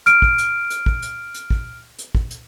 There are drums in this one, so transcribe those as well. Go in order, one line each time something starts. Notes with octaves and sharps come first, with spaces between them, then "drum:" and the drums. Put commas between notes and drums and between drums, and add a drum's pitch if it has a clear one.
F6 D7, drum: hi-hat
drum: kick
drum: hi-hat
drum: hi-hat
drum: kick
drum: hi-hat
drum: hi-hat
drum: kick
drum: hi-hat
drum: kick
drum: hi-hat